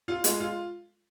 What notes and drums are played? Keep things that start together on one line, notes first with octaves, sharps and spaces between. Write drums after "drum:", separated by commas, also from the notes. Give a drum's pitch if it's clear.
F4
G#3, drum: hi-hat
F4